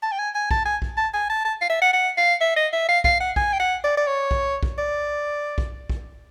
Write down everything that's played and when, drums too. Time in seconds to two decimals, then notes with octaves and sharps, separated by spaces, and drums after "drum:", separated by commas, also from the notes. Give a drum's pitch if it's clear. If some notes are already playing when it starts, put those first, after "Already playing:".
0.02 A5
0.12 G5
0.18 G#5
0.35 G#5
0.51 A5, drum: kick B1
0.65 G#5
0.82 drum: kick B1
0.97 A5
1.14 G#5
1.29 A5
1.45 A5
1.61 F5
1.69 E5
1.82 F#5
1.93 F#5
2.17 F5
2.41 E5
2.56 D#5
2.73 E5
2.88 F5
3.04 F5, drum: kick B1
3.20 F#5
3.36 G#5, drum: kick B1
3.53 G5
3.59 F#5
3.84 D5
3.97 D5
4.07 C#5
4.31 drum: kick B1
4.63 drum: kick B1
4.78 D5
5.58 drum: kick B1
5.89 drum: kick B1